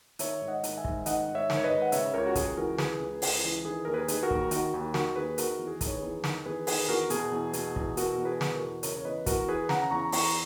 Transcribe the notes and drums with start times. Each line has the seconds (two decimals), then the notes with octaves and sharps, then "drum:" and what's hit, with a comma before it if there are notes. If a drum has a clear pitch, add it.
0.19 D#3 C#5 E5, drum: hi-hat
0.42 G#2
0.48 D#5 F#5
0.64 D#3, drum: hi-hat
0.77 E5 G#5
0.85 G#2, drum: kick
1.06 D#3 D#5 F#5, drum: hi-hat
1.28 G#2
1.35 C#5 E5
1.50 D#3, drum: snare
1.57 C#5
1.64 B4 D#5
1.70 G#2
1.82 F#5
1.92 C#3 C#5 E5, drum: hi-hat
2.13 C#2 A#4 C#5
2.26 F#4
2.35 C#2 G#4, drum: kick, hi-hat
2.57 E3 F#4 A#4
2.78 C#3 G#4 B4, drum: snare
3.00 C#2
3.22 C#2, drum: open hi-hat
3.44 E3
3.65 D#3 G#4 B4
3.85 D#2 A#4
3.94 G#4 B4
4.08 D#3 G#4, drum: hi-hat
4.23 F#4 A#4
4.31 D#2, drum: kick
4.51 D#3 F#4, drum: hi-hat
4.74 D#2
4.94 D#3 F#4 A#4, drum: snare
5.16 D#2 G#4 B4
5.38 D#3 F#4 A#4, drum: hi-hat
5.59 E2
5.67 G#4
5.81 D#3, drum: kick, hi-hat
5.87 C#5
5.95 G#4 B4
6.03 E2
6.24 D#3, drum: snare
6.46 E2 G#4 B4
6.67 D#3 G#4 B4, drum: open hi-hat
6.89 E2 F#4 A#4
7.10 B2 G#4, drum: hi-hat
7.32 E2
7.53 B2, drum: hi-hat
7.76 E2, drum: kick
7.97 B2 F#4 A#4, drum: hi-hat
8.18 E2
8.25 G#4 B4
8.41 B2, drum: snare
8.54 F#4 A#4
8.62 E2
8.83 C#3 A#4 C#5, drum: hi-hat
8.96 C#5
9.05 E2 B4 D#5
9.26 E2 F#4 A#4, drum: kick, hi-hat
9.48 E3 G#4 B4
9.69 C#3 F#5 A#5, drum: snare
9.91 E2 A#5 C#6
10.12 E2 A#5 C#6, drum: open hi-hat